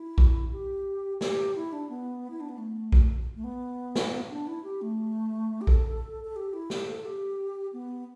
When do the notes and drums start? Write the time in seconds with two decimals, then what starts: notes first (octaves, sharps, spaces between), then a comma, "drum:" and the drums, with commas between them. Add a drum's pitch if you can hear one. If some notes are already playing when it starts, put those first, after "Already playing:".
Already playing: E4
0.18 drum: kick A#1
0.52 G4
1.21 G4, drum: snare
1.56 E4
1.72 D4
1.89 B3
2.30 E4
2.40 D4
2.49 B3
2.58 A3
2.92 drum: kick A#1
3.35 A3
3.44 B3
3.95 drum: snare
4.30 D4
4.47 E4
4.64 G4
4.81 A3
5.61 G4
5.67 A4, drum: kick A#1
6.24 A4
6.36 G4
6.53 E4
6.70 G4, drum: snare
6.87 A4
7.05 G4
7.73 B3